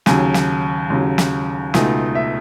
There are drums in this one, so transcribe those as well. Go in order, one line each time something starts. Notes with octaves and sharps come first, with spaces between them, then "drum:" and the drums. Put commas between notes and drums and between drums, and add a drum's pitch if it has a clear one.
D#2 C#3 F#3 G#5, drum: snare
drum: snare
D#2 C#3 F#3
drum: snare
C#2 B2 A3 D#4 G#5, drum: snare
E5